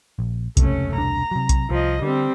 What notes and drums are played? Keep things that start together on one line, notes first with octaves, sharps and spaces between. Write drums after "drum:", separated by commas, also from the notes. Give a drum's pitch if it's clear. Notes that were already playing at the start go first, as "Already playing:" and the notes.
A#1
F1 C#2 C3 A3 C#4, drum: kick B1, hi-hat
E1 C2 D4 A#5
C3 F#3
drum: kick B1, hi-hat
C2 F3 D#5
D3 G3 C4